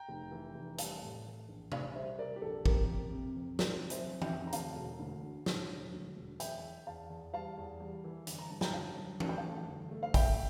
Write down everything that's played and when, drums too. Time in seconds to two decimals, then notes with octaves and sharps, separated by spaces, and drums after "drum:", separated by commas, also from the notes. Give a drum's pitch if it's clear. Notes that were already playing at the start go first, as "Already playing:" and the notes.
Already playing: G5 A#5
0.09 F1
0.32 E3
0.55 F1
0.78 G3 F5 A5, drum: hi-hat
1.02 A2
1.25 E3
1.49 A#1
1.72 A#1 D5 F5, drum: tom C3
1.95 G3 C5 E5
2.19 G3 A#4 D5
2.36 G4
2.42 A#1 A4
2.66 F2 G4 A#4, drum: kick
2.89 F2
3.12 C3
3.36 F2
3.59 C3 A#4 D5, drum: snare
3.83 C3
3.90 C5 E5, drum: hi-hat
4.06 E3
4.22 E5 G5, drum: tom
4.29 F2
4.47 A#5
4.52 D2 F5 A5, drum: hi-hat
4.76 E1
4.99 D2
5.22 D3
5.46 D3, drum: snare
5.69 E1
5.93 D2
6.17 E1
6.40 E2 E5 G5, drum: hi-hat
6.63 E3
6.87 E2 F5 A5
7.10 E2
7.34 G3 F5 A5
7.57 E2
7.80 G3
8.04 E3
8.27 G1, drum: hi-hat
8.39 A#5
8.50 G2 A5
8.61 G5 A#5, drum: snare
8.74 G1 F5 A5
8.97 G2
9.20 A3 A5, drum: tom
9.29 G5
9.38 F5 A5
9.44 A3
9.68 G1
9.91 A3
10.03 F5
10.14 A#2 E5 G5, drum: kick, open hi-hat